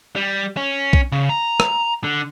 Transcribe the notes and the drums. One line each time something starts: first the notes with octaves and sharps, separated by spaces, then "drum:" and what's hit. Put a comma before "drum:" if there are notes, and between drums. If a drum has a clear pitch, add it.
G3
C#4
drum: kick B1
C#3
A#5
drum: rim click
D3